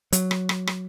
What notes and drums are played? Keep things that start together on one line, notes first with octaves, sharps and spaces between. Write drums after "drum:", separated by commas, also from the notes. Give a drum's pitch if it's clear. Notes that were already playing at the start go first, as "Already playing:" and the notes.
F#3, drum: hi-hat
drum: rim click
drum: rim click
drum: rim click